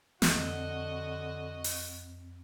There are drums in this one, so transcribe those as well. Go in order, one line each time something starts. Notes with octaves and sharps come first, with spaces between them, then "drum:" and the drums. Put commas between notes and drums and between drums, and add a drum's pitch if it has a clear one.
F2 D3 C4 F#4 D#5, drum: snare
drum: open hi-hat